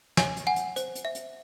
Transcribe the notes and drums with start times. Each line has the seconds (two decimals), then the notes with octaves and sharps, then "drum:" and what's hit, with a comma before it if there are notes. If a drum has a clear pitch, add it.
0.17 C#5 G#5, drum: snare
0.37 drum: hi-hat
0.47 F#5 G#5
0.56 drum: hi-hat
0.76 C5, drum: hi-hat
0.95 drum: hi-hat
1.05 E5
1.15 drum: hi-hat